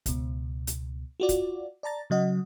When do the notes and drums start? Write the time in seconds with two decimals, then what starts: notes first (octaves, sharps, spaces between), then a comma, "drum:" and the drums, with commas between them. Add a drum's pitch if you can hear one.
0.06 C#2 B2, drum: kick, hi-hat
0.67 drum: hi-hat
1.20 F4 F#4 D5
1.29 drum: kick, hi-hat
1.83 D5 A5 A#5 A6
2.10 C#3 F#3 D#5 F#5